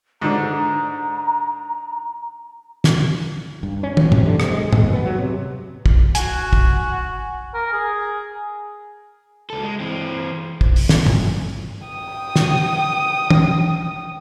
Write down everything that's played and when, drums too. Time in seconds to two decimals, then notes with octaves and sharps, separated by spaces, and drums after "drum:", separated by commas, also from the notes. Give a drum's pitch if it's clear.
0.22 G#2 D3 A#5
2.84 drum: snare
3.63 G2
3.83 C#4
3.97 F#1, drum: tom
4.12 C3, drum: tom
4.26 D3
4.40 C3, drum: rim click
4.52 G#3
4.73 D#2, drum: tom
4.93 B3
5.06 F#3
5.18 C3
5.86 drum: kick
6.15 F#4 G#5, drum: hi-hat
6.53 drum: kick
7.54 A#4
7.72 G#4
9.50 C#2 A4
9.63 G#3
9.80 E3 C4
10.61 drum: kick
10.76 drum: open hi-hat
10.89 drum: snare
11.07 drum: tom
11.88 G5 D#6
12.36 drum: snare
13.30 drum: tom